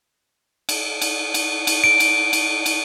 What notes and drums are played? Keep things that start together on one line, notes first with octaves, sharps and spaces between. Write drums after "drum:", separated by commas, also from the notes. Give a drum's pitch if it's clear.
drum: cymbal
drum: cymbal
drum: cymbal
drum: cymbal
D7
drum: cymbal
drum: cymbal
drum: cymbal